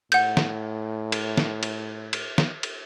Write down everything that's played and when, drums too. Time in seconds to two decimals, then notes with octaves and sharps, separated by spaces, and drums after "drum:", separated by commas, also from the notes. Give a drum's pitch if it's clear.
0.12 A2 F#5 G6, drum: cymbal
0.37 drum: snare
1.12 drum: cymbal
1.38 drum: snare
1.63 drum: cymbal
2.13 drum: cymbal
2.38 drum: snare
2.63 drum: cymbal